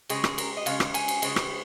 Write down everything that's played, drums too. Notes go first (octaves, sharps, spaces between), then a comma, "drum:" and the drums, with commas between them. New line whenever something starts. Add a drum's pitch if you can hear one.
C#3 G#3 G#4, drum: cymbal
drum: rim click
A#4, drum: cymbal
D#5
C#3 G#3 F5, drum: cymbal
drum: rim click
G#5, drum: cymbal
drum: cymbal
C#3 G#3, drum: cymbal
drum: rim click